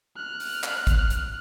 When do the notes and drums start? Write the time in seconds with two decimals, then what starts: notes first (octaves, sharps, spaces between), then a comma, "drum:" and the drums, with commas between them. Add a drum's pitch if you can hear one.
0.17 F6 F#6
0.40 drum: open hi-hat
0.63 drum: clap
0.87 drum: kick, hi-hat
1.10 drum: hi-hat